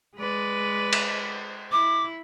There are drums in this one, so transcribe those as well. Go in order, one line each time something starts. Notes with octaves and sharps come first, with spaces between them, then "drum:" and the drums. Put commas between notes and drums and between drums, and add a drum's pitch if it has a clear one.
G#3 B4 D5
drum: cymbal
E4 D6